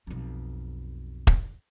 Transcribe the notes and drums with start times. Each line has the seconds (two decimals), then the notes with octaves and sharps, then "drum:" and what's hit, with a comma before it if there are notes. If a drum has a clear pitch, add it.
0.07 B1 F2
1.27 drum: kick E1